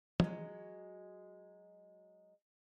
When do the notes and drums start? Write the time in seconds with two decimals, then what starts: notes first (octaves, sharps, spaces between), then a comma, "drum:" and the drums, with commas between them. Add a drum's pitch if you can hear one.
0.20 F#3 G#3, drum: tom